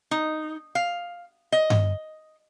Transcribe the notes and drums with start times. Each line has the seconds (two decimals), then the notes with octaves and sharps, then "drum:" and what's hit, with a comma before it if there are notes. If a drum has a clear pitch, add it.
0.11 D#4
0.75 F5
1.52 D#5
1.70 drum: tom G2